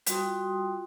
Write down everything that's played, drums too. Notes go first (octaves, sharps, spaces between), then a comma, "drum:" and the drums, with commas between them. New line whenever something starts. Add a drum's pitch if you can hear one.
G3 F4 F#4 G5 C6 D#6, drum: hi-hat